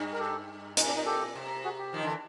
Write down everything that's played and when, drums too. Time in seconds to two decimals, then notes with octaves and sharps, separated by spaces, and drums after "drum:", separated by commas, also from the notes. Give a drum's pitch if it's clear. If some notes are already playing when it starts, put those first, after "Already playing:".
Already playing: G2
0.13 A#4
0.19 G4 A4
0.77 A#2 D#4, drum: hi-hat
0.88 D4
0.97 D#4
1.06 G4 A4
1.35 C3
1.64 F#4 G#4
1.79 G4
1.93 D#3 F3
2.03 D3 E3